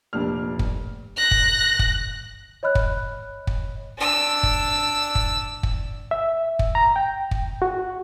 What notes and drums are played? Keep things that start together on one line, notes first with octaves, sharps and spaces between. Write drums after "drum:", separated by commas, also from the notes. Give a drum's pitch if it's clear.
F1 A#2 D4 F6
drum: kick
F#6 A#6
drum: kick
drum: kick
C#5 D#5 B5 F6 F#6
drum: kick
drum: kick
D4 E6
drum: kick
drum: kick
drum: kick
E5
drum: kick
A#5
G5
drum: kick
F#4